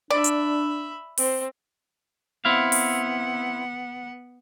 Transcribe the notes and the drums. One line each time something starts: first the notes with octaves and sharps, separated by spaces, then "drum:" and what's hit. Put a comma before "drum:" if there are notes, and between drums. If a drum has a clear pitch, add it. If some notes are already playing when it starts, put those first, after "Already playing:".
D4 D5 E5 B5
drum: hi-hat
C4 C5, drum: open hi-hat
B3 C4 E4 F5 F#5
drum: open hi-hat